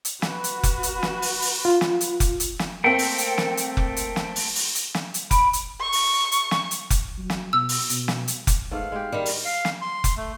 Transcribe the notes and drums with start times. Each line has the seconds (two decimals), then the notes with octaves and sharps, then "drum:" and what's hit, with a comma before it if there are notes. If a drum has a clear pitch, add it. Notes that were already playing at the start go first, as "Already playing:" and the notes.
0.05 drum: hi-hat
0.22 F#4 B4, drum: snare
0.44 drum: hi-hat
0.63 drum: kick F1, hi-hat
0.83 drum: hi-hat
1.03 drum: snare
1.22 drum: open hi-hat
1.42 drum: open hi-hat
1.65 F4
1.81 drum: snare
2.01 drum: hi-hat
2.20 drum: kick F1, hi-hat
2.40 drum: hi-hat
2.59 drum: snare
2.84 A3 A#3 C4 G5
2.99 drum: open hi-hat
3.18 drum: hi-hat
3.38 drum: snare
3.57 drum: hi-hat
3.77 drum: kick F1
3.97 drum: hi-hat
4.16 drum: snare
4.36 drum: open hi-hat
4.55 drum: open hi-hat
4.75 drum: hi-hat
4.94 drum: snare
5.14 drum: hi-hat
5.31 B5 D7, drum: kick F1, hi-hat
5.53 drum: hi-hat
5.80 C#6
5.92 drum: open hi-hat
6.32 drum: hi-hat
6.51 drum: snare
6.71 drum: hi-hat
6.90 drum: kick F1, hi-hat
7.18 F#3
7.30 drum: snare
7.53 B2 E6
7.69 drum: open hi-hat
7.89 B2, drum: hi-hat
8.08 drum: snare
8.28 drum: hi-hat
8.47 drum: kick F1, hi-hat
8.71 G#2 A3 B3 F5
8.92 G#3 G4
9.12 D#3 G3
9.26 drum: open hi-hat
9.45 F5
9.65 drum: snare
9.82 C6
10.04 drum: kick F1, hi-hat
10.17 A3